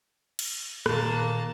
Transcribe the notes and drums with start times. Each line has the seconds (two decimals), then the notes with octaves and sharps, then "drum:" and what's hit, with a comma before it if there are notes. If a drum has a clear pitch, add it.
0.39 drum: cymbal
0.86 A#2 D#3 A#3 A5, drum: rim click